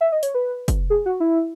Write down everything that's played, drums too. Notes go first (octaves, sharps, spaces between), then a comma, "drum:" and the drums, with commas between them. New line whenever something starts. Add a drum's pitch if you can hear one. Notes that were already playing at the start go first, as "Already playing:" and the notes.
E5
D#5
C#5, drum: hi-hat
B4
drum: kick, hi-hat
G#4
F#4
E4